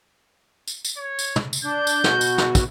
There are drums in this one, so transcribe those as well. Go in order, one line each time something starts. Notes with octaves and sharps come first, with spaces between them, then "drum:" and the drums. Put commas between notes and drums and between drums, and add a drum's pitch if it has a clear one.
drum: tambourine
drum: tambourine
C#5
drum: tambourine
drum: tom
drum: tambourine
D4 G6
drum: tambourine
B2 F#4, drum: snare
drum: tambourine
drum: snare
drum: kick, tambourine